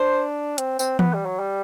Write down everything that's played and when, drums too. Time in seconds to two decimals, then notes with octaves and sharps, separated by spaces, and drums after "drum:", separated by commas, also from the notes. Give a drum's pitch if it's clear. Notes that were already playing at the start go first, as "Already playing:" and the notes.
Already playing: D4 C5
0.58 C4, drum: hi-hat
0.79 C4, drum: tambourine
0.99 B3, drum: tom E3
1.13 G3
1.26 F#3
1.39 G3